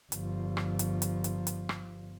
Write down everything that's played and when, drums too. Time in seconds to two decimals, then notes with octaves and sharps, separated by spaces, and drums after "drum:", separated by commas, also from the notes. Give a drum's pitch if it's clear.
0.12 G1 F3, drum: hi-hat
0.57 drum: rim click
0.79 drum: hi-hat
1.02 drum: hi-hat
1.24 drum: hi-hat
1.47 drum: hi-hat
1.69 drum: rim click